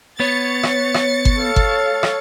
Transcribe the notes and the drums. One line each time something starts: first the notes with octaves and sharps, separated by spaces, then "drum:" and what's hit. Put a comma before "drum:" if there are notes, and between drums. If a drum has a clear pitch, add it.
B3 C#5 A6 C#7
drum: rim click
drum: rim click
drum: kick G1
A4 F5
drum: kick G1
drum: rim click